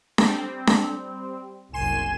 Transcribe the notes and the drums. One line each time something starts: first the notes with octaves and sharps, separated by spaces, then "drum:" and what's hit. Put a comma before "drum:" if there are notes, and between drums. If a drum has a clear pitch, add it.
G3 C4, drum: snare D4
drum: snare D4
F#1 C2 G#5 C6 E7